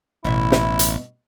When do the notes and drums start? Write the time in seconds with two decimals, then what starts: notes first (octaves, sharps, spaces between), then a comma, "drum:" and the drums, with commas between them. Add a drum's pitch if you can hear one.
0.24 A1 G2 B2 E4 E5
0.52 drum: snare
0.79 drum: hi-hat